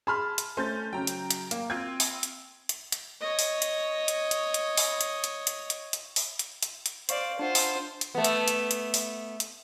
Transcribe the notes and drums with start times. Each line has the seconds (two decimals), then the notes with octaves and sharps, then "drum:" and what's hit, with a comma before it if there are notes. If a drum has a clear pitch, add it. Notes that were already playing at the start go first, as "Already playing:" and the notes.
0.07 G#4 A5 B5 C6 F6
0.38 drum: hi-hat
0.57 A3 C#4 C5 G6 A6
0.93 C#3 F#3 G5 A#5
1.07 drum: hi-hat
1.31 drum: hi-hat
1.51 A#3, drum: hi-hat
1.70 C4 F4 G#6
2.00 drum: open hi-hat
2.23 drum: hi-hat
2.69 drum: hi-hat
2.92 drum: hi-hat
3.20 C#5 D#5
3.39 drum: open hi-hat
3.62 drum: hi-hat
4.08 drum: hi-hat
4.31 drum: hi-hat
4.54 drum: hi-hat
4.77 drum: open hi-hat
5.01 drum: hi-hat
5.24 drum: hi-hat
5.47 drum: hi-hat
5.70 drum: hi-hat
5.93 drum: hi-hat
6.16 drum: open hi-hat
6.39 drum: hi-hat
6.63 drum: hi-hat
6.86 drum: hi-hat
7.09 C5 D5 F5 C#6 C7, drum: hi-hat
7.39 D4 F4 C5 F#5
7.55 drum: open hi-hat
8.01 drum: hi-hat
8.15 A3 B3
8.24 drum: hi-hat
8.48 drum: hi-hat
8.71 drum: hi-hat
8.94 drum: open hi-hat
9.40 drum: hi-hat